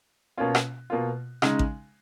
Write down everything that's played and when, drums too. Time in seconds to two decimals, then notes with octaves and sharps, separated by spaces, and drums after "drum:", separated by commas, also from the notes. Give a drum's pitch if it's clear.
0.37 B2 A#3 C#4 F4
0.55 drum: rim click
0.90 B2 A#3 F4
1.42 C#3 G#3 D#4, drum: rim click
1.59 drum: kick A1